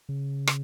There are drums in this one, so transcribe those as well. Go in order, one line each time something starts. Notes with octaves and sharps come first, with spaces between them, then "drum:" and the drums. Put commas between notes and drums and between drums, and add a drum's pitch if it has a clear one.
C#3
drum: rim click